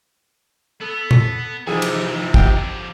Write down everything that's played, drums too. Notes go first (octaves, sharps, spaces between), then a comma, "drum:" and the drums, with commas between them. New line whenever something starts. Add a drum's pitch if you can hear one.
B3 A4
drum: tom A#2
C3 E3 F3 G3 A3 D#4 G#4 G#5
drum: cymbal
F2 D3 G5, drum: kick